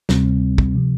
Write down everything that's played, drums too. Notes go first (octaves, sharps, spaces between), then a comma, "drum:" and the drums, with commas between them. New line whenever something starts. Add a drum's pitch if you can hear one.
D2 C3 G3 C4, drum: snare
drum: kick
C3 F3